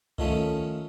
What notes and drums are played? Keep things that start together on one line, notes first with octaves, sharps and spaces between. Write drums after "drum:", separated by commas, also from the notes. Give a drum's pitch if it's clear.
D#3 F3 A3 C#4, drum: kick C2